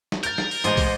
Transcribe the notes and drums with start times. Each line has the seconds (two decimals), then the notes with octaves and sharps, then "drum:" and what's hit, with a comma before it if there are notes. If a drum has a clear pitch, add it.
0.12 drum: snare
0.23 A#4 G6 A6, drum: hi-hat
0.38 drum: snare
0.51 drum: open hi-hat
0.64 A1 G#3 C5 D#5, drum: hi-hat
0.77 drum: kick, open hi-hat